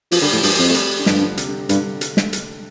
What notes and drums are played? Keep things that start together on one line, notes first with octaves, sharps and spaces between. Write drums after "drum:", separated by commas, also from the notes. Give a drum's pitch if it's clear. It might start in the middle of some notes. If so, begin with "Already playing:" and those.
F3, drum: open hi-hat
D3 G3
A2 F3
G2, drum: open hi-hat
F2
A3
G3, drum: hi-hat
D3
G2 F3, drum: snare
D3
C3, drum: hi-hat
D3
C3
G2 D3, drum: hi-hat
drum: hi-hat
drum: snare
drum: hi-hat